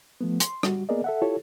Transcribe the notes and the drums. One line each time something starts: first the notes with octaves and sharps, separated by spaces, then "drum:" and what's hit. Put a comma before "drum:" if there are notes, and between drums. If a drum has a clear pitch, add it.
F3 A3 B3
C6, drum: hi-hat
G3 F#4, drum: rim click
A#3 B3 G#4 A#4 D5 D#5
A4 E5 F#5
E4 F4 G4 A4 C#5